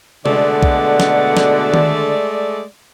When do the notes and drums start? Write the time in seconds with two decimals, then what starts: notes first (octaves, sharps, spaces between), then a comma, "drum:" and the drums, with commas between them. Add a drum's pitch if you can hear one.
0.26 B2 D3 G#3 A3 D5 F#5, drum: tom
0.63 drum: kick B1
1.00 drum: snare
1.37 drum: snare
1.74 drum: tom D#3